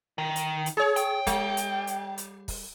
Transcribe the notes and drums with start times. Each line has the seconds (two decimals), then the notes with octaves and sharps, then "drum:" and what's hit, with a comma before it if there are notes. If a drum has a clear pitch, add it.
0.18 D#3
0.36 drum: hi-hat
0.66 drum: hi-hat
0.77 G#4 C#5
0.96 G5, drum: hi-hat
1.27 G3, drum: kick, hi-hat
1.57 drum: hi-hat
1.87 drum: hi-hat
2.18 drum: hi-hat
2.48 drum: kick, open hi-hat